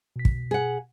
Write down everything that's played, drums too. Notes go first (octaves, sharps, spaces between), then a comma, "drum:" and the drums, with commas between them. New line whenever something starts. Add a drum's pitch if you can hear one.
B2 B6
drum: kick
G#4 F#5